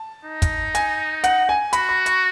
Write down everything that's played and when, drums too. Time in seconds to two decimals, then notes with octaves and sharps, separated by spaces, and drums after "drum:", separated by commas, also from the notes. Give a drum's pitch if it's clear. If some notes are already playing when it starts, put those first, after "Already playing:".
Already playing: A5
0.25 D#4
0.42 drum: kick, hi-hat
0.75 G#5, drum: hi-hat
1.24 F#5, drum: hi-hat
1.49 G#5
1.73 F#4 B5, drum: hi-hat
1.89 B5
2.06 C#6, drum: hi-hat